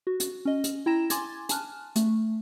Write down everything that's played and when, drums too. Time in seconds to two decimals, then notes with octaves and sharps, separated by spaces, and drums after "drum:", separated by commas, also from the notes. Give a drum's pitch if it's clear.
0.07 F#4
0.20 drum: hi-hat
0.45 C#4 D#5
0.64 drum: hi-hat
0.86 E4 G5 A#5 A#6 E7
1.10 G#5 C6 D6 G#6 A6, drum: hi-hat
1.49 G#5 A5 F6 F#6, drum: hi-hat
1.96 A3, drum: hi-hat